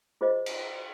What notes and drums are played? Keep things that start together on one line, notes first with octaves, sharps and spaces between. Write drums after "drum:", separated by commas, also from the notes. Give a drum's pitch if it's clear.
F4 G#4 C5 D#5
drum: cymbal